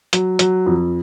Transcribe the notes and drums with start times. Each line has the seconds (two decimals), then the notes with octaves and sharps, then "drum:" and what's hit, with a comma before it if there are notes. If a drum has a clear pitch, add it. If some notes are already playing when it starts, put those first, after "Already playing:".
0.13 F#3, drum: hi-hat
0.39 F#3, drum: hi-hat
0.66 F2